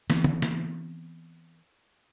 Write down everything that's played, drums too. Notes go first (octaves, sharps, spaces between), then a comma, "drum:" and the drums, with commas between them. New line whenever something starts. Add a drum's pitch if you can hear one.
E3 B3 C4, drum: snare
drum: tom D3
drum: snare